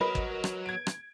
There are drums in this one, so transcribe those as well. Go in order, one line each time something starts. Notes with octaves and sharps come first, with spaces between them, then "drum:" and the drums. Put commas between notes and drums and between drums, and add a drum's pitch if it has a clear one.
F#3 A#4 B4 D#5
drum: kick
drum: rim click
G#6 D7
drum: rim click